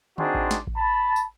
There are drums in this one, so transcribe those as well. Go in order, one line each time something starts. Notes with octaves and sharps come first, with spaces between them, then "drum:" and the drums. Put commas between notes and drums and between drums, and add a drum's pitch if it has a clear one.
C4 D4 D#4 F#4 G#4 C5, drum: tom D3
drum: kick A1
drum: snare
drum: kick A1
A5 B5
drum: tambourine